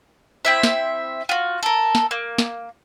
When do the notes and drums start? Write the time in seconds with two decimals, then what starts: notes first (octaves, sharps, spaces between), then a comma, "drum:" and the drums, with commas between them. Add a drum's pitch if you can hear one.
0.45 C4 E4 E5
0.63 drum: snare
1.29 F4 F#4
1.63 A4 A#4
1.95 drum: snare
2.11 A#3
2.38 drum: snare